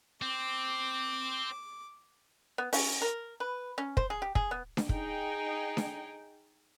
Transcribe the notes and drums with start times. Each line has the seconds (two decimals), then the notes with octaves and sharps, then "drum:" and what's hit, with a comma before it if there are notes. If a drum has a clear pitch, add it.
0.22 C4 D6
2.58 B3
2.73 C#4, drum: open hi-hat
3.02 A#4
3.40 B4
3.78 C#4
3.97 C5, drum: kick
4.10 G#4
4.22 G4
4.35 G#4, drum: kick
4.51 B3
4.77 drum: snare D4
4.89 D#4 G#4 G5, drum: kick
5.77 drum: snare D4